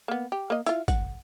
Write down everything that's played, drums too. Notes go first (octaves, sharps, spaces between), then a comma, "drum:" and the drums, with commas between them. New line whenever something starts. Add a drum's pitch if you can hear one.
A#3 B3
G4
A#3 D#5
E4 F4, drum: hi-hat
F#5, drum: kick, hi-hat